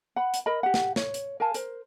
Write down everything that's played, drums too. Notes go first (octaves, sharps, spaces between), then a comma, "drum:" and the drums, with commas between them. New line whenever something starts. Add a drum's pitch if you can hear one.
F#5 B5
drum: hi-hat
A#4 D#5 B5
G4 F#5
drum: snare
C#5, drum: snare
drum: hi-hat
A#4 F5 G#5 A5
A#4 C5, drum: hi-hat